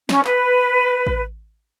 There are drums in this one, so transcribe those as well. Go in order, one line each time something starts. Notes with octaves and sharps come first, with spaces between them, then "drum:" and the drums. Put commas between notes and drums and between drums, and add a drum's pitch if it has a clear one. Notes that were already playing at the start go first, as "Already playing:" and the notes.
C#4, drum: snare
B4, drum: clap
drum: kick A1